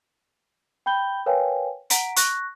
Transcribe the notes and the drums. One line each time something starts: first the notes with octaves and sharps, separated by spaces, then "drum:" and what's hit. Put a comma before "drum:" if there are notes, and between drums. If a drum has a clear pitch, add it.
G5 B5 G6 G7
A#4 B4 C#5 F5 G5 G#5
F#5 A#5 B6 D7, drum: hi-hat
C#6 F#6 A#6, drum: hi-hat